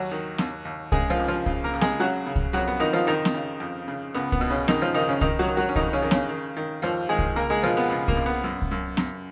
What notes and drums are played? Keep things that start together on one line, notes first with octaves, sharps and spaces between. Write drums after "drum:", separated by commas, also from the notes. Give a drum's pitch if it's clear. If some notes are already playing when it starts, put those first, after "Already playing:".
Already playing: D#2 F#3 F#4
D#3
D#2, drum: snare
D#2
C#3 G#3 G#4, drum: kick C2
F3 F4
C#2
F3 F4
C#3, drum: kick C2
A#3 A#4
C#2
G#3 G#4, drum: snare
C#3 F#3 F#4
C#3
drum: kick C2
F2 F#3 F#4
B3
F2 D#3 D#4
F3 F4
F2 D#3 D#4
drum: snare
C#3
F2
C#3
C#2 B3
B3, drum: kick C2
B2
C#3 C#4
B2 D#3 D#4, drum: snare
F3 F4
C#2 D#3 D#4
C#3 C#4
D#3 D#4, drum: kick C2
F#3 F#4
D#3
F#3 F#4
C#4
F2 D#3 D#4, drum: kick C2
C#3 C#4
D#3
C#3 C#4, drum: snare
D#3
D#3
D#2 F3 F4
D#3 G#3 G#4
drum: kick C2
C#2 A#3 A#4
G#3 G#4
B2 F3 F4
B3
C#2 B3
A#3, drum: kick C2
C#2
B3
F#2
drum: kick C2
F#2
F#2, drum: snare